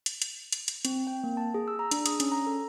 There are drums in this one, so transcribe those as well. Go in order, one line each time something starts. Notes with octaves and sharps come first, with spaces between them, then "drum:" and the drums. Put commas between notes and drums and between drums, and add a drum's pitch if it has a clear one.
drum: hi-hat
drum: hi-hat
drum: hi-hat
drum: hi-hat
C4, drum: hi-hat
G5
A#3
A5
G#4
E6
A#5
D4, drum: hi-hat
D#6, drum: hi-hat
C#4, drum: hi-hat
A#5
A4